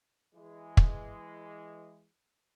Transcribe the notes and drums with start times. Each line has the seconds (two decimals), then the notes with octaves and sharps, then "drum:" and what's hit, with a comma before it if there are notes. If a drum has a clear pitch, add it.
0.35 E3 G#3
0.77 drum: kick